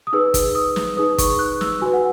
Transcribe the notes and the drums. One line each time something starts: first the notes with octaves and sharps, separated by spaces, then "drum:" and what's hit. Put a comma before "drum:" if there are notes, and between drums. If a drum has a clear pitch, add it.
D#6
D#4 G#4 B4 E6
drum: kick, hi-hat
D#6
drum: snare
D#4 G#4 B4 D#6
C#6, drum: kick, hi-hat
F#6
E6, drum: snare
F#4 B4 G#5
F#5